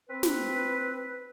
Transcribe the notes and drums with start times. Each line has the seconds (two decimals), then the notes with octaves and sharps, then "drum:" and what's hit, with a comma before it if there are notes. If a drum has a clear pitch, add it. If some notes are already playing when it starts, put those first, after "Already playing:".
0.10 C4 B4
0.23 drum: snare